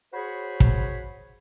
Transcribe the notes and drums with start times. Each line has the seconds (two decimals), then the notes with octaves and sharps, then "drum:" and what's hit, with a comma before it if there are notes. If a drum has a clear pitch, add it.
0.13 F#4 G#4 C5 C#5 B5
0.60 drum: kick